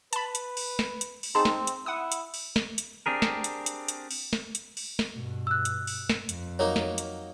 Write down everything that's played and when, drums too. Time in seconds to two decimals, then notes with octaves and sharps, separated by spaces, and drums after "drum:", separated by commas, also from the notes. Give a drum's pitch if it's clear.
0.13 B4 A5 B5, drum: hi-hat
0.35 drum: hi-hat
0.57 drum: open hi-hat
0.79 drum: snare
1.01 drum: hi-hat
1.23 drum: open hi-hat
1.35 C4 D#4 G#4 A5 C6
1.45 drum: snare
1.67 drum: hi-hat
1.86 E4 F#5 D#6
2.12 drum: hi-hat
2.34 drum: open hi-hat
2.56 drum: snare
2.78 drum: hi-hat
3.06 C4 D4 G4 G#4 A#4
3.22 drum: snare
3.44 drum: hi-hat
3.66 drum: hi-hat
3.88 drum: hi-hat
4.11 drum: open hi-hat
4.33 drum: snare
4.55 drum: hi-hat
4.77 drum: open hi-hat
4.99 drum: snare
5.12 G2 B2
5.47 E6 F#6
5.65 drum: hi-hat
5.87 drum: open hi-hat
6.10 drum: snare
6.29 F2, drum: hi-hat
6.59 F#3 A#3 D#4 C#5
6.76 drum: snare
6.98 drum: hi-hat